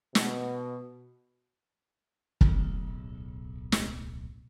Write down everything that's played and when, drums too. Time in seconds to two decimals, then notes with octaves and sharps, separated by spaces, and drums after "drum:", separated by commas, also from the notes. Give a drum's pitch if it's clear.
0.15 B2, drum: snare
2.41 D1 B1, drum: kick
3.72 drum: snare